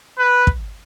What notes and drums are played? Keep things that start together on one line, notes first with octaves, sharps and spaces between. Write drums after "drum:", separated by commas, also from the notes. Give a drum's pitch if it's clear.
B4
drum: kick